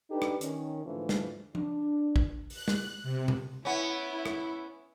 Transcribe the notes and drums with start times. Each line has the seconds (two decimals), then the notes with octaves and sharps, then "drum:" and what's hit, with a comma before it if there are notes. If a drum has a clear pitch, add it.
0.10 D4 D#4 G4 A4 B4 D5
0.22 drum: rim click
0.41 D#3 C#4, drum: hi-hat
0.85 G#2 D3 E3 F3 A3
1.09 drum: snare
1.55 D4, drum: tom F3
2.16 drum: kick A1
2.50 F#6, drum: open hi-hat
2.68 drum: snare
3.03 C3
3.28 drum: tom B2
3.65 B3 C#4 E4
4.26 drum: rim click